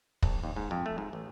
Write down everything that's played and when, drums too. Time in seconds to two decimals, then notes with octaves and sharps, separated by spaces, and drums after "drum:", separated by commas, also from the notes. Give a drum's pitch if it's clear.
0.22 A#1, drum: kick
0.43 D#2
0.56 G#2
0.71 F2
0.86 A3
0.98 G#2
1.13 A1